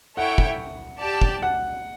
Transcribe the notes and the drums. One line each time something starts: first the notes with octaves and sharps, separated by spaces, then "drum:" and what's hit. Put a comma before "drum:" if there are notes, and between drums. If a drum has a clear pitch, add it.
E4 A4 C#5 E5 F#5 G5
drum: kick
G4 D5 A5
drum: kick
F#5